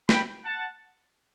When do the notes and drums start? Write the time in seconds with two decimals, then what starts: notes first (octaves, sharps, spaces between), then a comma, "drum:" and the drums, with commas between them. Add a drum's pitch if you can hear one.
0.09 G5 B5, drum: snare
0.45 F#5 A5